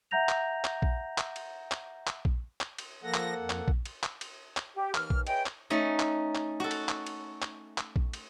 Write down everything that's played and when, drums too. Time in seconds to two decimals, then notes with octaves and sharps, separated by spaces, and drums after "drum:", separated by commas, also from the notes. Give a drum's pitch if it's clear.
0.11 E5 F#5 A#5 G6 A#6 F7
0.29 drum: clap
0.64 drum: clap
0.82 drum: kick A#1
1.18 drum: clap
1.36 drum: cymbal
1.71 drum: clap
2.07 drum: clap
2.25 drum: kick A#1
2.61 drum: clap
2.78 drum: cymbal
3.04 F3 A#3 A4 F#5 A#6
3.14 drum: clap
3.39 F2
3.50 drum: clap
3.68 drum: kick A#1
3.85 drum: cymbal
4.03 drum: clap
4.21 drum: cymbal
4.57 drum: clap
4.76 G4
4.95 D#2 E3 F6, drum: clap
5.10 drum: kick A#1
5.27 E4 G#4 B4 C#5 D#5 G5, drum: cymbal
5.46 drum: clap
5.70 A3 C#4 D#4
5.99 drum: clap
6.35 drum: clap
6.60 F#4 A4
6.71 drum: cymbal
6.89 drum: clap
7.06 drum: cymbal
7.42 drum: clap
7.78 drum: clap
7.96 drum: kick A#1
8.13 drum: cymbal